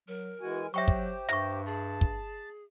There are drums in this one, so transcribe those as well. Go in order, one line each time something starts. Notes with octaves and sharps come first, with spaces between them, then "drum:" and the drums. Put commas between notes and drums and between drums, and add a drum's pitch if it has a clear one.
F#3 A#4
E3 G#3 F#4 G#5
F#3 G4 C5 E5 G5 C#6
drum: kick
G2 G4 E5 C#6, drum: hi-hat
G#4 A5
drum: kick